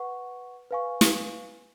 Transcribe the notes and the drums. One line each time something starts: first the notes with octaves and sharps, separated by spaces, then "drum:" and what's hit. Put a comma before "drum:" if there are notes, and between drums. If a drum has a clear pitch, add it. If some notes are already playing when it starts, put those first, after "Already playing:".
Already playing: B4 F#5 C#6
B4 F5 G#5 C#6
drum: snare